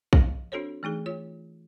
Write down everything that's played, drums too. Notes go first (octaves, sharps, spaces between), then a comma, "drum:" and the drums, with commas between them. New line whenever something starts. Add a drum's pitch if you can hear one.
F3 F5 A#6, drum: kick A#1
C4 D4 F#4 A4 C5 C#5
E3 A3 D#4 G#4
F4 C#5